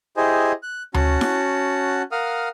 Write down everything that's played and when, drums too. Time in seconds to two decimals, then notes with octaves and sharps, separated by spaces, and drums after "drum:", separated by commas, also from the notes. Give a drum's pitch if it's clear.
0.17 E4 G4 G#4 C5 D#5 G#5
0.63 F#6
0.94 C#4 F#4 F#5 A5, drum: tom D2
1.21 drum: snare E4
2.12 A#4 F5 F#5 D#6 F6